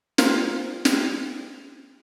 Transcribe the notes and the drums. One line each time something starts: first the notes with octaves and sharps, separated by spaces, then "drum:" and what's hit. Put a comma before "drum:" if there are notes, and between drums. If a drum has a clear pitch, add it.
A#3 F4 C5, drum: snare
drum: snare